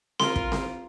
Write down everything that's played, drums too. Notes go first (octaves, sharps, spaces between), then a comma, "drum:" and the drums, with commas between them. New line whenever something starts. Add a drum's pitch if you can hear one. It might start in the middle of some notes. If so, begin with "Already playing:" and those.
F4 A#4 C6, drum: snare C4
drum: kick
drum: snare C4